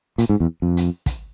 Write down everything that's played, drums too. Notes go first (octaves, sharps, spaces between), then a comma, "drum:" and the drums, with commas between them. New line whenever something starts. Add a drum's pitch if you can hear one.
A#2, drum: hi-hat
G#2
E2
F2
drum: hi-hat
drum: kick, hi-hat